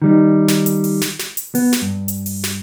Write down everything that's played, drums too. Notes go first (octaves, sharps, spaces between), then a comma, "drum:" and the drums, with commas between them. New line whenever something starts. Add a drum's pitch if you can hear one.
D#3 G3 D#4
drum: snare
drum: hi-hat
drum: open hi-hat
drum: snare
drum: snare
drum: hi-hat
B3, drum: open hi-hat
drum: snare
G2
drum: hi-hat
drum: open hi-hat
drum: snare